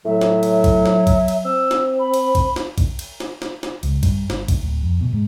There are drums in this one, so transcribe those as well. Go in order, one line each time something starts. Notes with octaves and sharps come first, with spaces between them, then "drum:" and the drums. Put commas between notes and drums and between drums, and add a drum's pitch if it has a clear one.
A2 F#3 E5
drum: snare
drum: cymbal
drum: kick, cymbal
drum: snare
drum: kick, cymbal
drum: cymbal
C4 E6
drum: snare
B5
drum: cymbal
drum: kick, cymbal
drum: snare
drum: kick, cymbal
drum: cymbal
drum: snare
drum: snare
drum: snare
C#2, drum: cymbal
G2, drum: kick, cymbal
G1, drum: snare
drum: kick, cymbal
D1
F2
B2
G#2